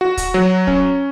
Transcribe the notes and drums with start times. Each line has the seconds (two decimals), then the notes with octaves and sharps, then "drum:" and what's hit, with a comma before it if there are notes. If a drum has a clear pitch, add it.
0.01 F#4
0.17 drum: kick, hi-hat
0.34 F#3
0.67 C#4, drum: kick